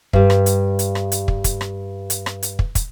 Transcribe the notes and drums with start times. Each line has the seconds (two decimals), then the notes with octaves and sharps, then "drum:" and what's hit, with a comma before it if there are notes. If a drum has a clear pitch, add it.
0.13 G2 G3, drum: kick
0.30 drum: rim click
0.46 drum: hi-hat
0.79 drum: hi-hat
0.95 drum: rim click
1.12 drum: hi-hat
1.28 drum: kick
1.44 drum: kick, hi-hat
1.61 drum: rim click
2.10 drum: hi-hat
2.26 drum: rim click
2.43 drum: hi-hat
2.59 drum: kick
2.75 drum: kick, hi-hat